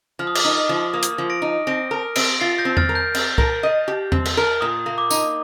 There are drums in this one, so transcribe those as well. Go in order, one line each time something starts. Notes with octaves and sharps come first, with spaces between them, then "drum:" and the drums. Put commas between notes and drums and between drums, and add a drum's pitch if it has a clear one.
F3 F6
D#6
D6, drum: cymbal
D#4 D#6
F3
A#3 D#6
drum: hi-hat
F3
A#6 D7
D#4
C4 A#6 D7
A#4
C4 A#6 D7, drum: cymbal
F4 A6 C7
G6 A#6
C4
F6 A6, drum: tom E2
A#4
G6
C4, drum: cymbal
A#4, drum: kick C2
D#5
G4
C4, drum: tom E2
drum: cymbal
A#4
A#2 D#6
A#3
D6
D#4, drum: tambourine